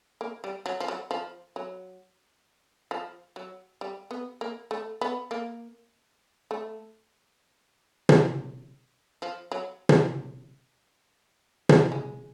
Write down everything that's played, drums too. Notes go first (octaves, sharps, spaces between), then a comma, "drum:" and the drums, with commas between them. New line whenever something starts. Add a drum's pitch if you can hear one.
A#3
G3
F#3
F3
F#3
F3
F#3
F3
F#3
G3
B3
A#3
A3
B3
A#3
A3
drum: tom
F3
F#3
drum: tom
drum: tom
G#3